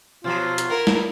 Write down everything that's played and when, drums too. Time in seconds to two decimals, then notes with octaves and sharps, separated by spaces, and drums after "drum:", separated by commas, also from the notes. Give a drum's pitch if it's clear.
0.24 B2 F3 F#3 F4
0.58 drum: hi-hat
0.70 B3 E4 A#4
0.87 drum: snare